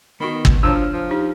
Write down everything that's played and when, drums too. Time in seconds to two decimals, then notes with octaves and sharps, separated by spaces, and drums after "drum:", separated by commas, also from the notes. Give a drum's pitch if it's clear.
0.20 D#3 B3 F#4 B5
0.45 drum: kick G1
0.63 F3 D4 C#5 A5 A#5 E6
0.76 F6
0.93 F3
1.10 D#4 G4